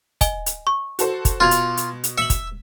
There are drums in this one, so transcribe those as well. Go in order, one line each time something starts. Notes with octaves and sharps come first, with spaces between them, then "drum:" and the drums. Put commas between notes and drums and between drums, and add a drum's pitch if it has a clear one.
D#5 G#5 G7, drum: kick, hi-hat
drum: hi-hat
C#6
F#4 A4 C5, drum: hi-hat
drum: kick, hi-hat
B2 F4 G#6 F7
drum: hi-hat
drum: hi-hat
drum: hi-hat
E5 C#7 F#7
drum: kick, hi-hat